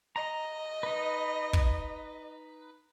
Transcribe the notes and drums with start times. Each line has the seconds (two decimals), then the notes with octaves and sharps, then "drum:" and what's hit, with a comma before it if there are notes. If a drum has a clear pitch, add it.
0.16 D#5 A#5
0.83 D#4 B4
1.53 drum: kick